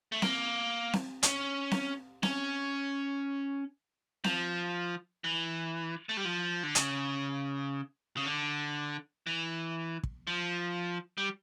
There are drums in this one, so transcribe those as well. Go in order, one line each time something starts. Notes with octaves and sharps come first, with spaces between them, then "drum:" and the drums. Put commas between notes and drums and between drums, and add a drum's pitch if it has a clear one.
A3
A#3, drum: snare C4
drum: snare C4
C#4, drum: hi-hat
drum: snare C4
C#4, drum: snare C4
F3, drum: snare C4
E3
A3
G3
F3
D3
C#3, drum: hi-hat
C#3
D3
E3
drum: kick
F3
G3